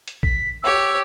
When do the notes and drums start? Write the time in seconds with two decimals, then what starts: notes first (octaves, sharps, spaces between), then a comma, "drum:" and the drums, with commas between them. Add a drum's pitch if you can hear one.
0.08 drum: hi-hat
0.23 B6, drum: kick
0.63 G4 C#5 E6